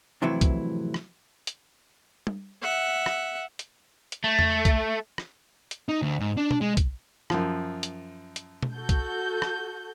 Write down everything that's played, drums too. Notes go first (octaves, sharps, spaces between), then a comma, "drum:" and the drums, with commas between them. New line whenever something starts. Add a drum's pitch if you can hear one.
F2 A2 C3 E3 F#3 E4
drum: kick B1, hi-hat
drum: rim click
drum: hi-hat
drum: tom
E5 F#5
drum: rim click
drum: hi-hat
drum: hi-hat
A3
drum: tom E2
drum: kick B1, hi-hat
drum: rim click
drum: hi-hat
D#4
D2
G#2
D4
drum: tom B2
G#3
drum: kick B1, hi-hat
F#2 F3, drum: rim click
drum: hi-hat
drum: hi-hat
drum: tom B2
F#4 A4 G6
drum: kick B1, hi-hat
drum: rim click